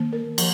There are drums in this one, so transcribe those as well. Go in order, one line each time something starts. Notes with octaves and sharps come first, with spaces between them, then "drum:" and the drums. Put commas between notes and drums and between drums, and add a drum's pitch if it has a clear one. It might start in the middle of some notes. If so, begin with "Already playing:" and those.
Already playing: D#3 A#3
A#4
F3, drum: cymbal